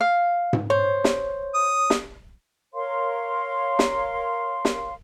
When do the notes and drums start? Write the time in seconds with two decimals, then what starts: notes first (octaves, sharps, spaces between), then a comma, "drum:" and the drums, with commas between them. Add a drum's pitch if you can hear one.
0.01 F5
0.53 drum: tom G#2
0.70 C5 C#5
1.04 drum: snare
1.54 D#6
1.90 drum: snare
2.73 A#4 C#5 F5 C6
3.79 drum: snare
4.65 drum: snare